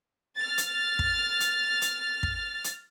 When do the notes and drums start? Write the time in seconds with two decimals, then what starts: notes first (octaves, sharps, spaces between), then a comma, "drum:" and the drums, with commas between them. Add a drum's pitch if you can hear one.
0.37 F6 A6
0.58 drum: hi-hat
0.99 drum: kick
1.40 drum: hi-hat
1.82 drum: hi-hat
2.23 drum: kick
2.64 drum: hi-hat